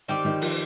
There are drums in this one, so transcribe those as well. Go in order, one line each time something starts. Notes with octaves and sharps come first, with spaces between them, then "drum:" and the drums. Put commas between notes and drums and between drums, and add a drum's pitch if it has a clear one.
D#3 G3 C4 G4
D#3
F3, drum: open hi-hat